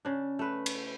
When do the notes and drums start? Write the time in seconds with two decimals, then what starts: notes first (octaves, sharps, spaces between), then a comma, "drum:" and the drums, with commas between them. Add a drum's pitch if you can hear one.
0.05 C#3 D4
0.39 A3 B4
0.66 drum: cymbal